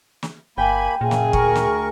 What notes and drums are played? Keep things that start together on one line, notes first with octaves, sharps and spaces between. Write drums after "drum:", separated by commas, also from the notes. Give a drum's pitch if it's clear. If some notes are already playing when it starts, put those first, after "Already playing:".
drum: snare
G1 A#3 G5 G#5 B5
F#2 A#2 C#3 G#4
drum: snare
D2 A#4 C#6, drum: kick
drum: snare